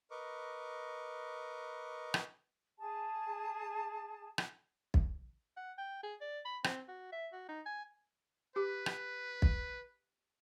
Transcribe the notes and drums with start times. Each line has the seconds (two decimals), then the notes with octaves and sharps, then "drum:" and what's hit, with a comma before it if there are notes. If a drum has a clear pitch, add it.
0.11 A#4 B4 D#5 C#6 D6
2.14 drum: rim click
2.79 G#4 A5
4.38 drum: rim click
4.94 drum: kick
5.57 F#5
5.78 G5
6.03 G#4
6.21 D5
6.45 B5
6.64 C4, drum: rim click
6.88 F#4
7.12 E5
7.33 F#4
7.49 D#4
7.66 G#5
8.56 G4 B4 D6
8.86 drum: rim click
9.42 drum: kick